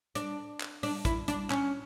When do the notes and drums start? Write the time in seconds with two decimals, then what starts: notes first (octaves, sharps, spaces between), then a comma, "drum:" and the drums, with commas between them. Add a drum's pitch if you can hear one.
0.15 D4, drum: hi-hat
0.60 drum: clap
0.83 D4, drum: open hi-hat
1.05 E4, drum: kick, hi-hat
1.28 D4, drum: hi-hat
1.50 C#4, drum: clap